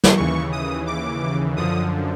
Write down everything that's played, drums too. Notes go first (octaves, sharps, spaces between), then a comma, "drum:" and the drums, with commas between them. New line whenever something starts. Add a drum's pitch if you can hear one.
drum: snare
D#2 C#3 E3 C#6
D#6
D6
F#2 D3 F3 D#6